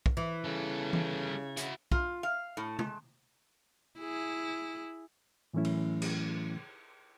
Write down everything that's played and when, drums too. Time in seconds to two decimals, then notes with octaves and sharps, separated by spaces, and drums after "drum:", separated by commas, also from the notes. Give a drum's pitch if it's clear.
0.06 drum: kick
0.17 E3
0.44 C#3 G3 A4
0.93 drum: tom E3
1.57 E4 F#4, drum: hi-hat
1.92 F4, drum: kick
2.23 F5
2.57 A2
2.79 G#3, drum: tom
3.98 E4 G#4
5.54 A2 E3 F#3 A3 C#4 E4
5.65 drum: cymbal
6.02 drum: cymbal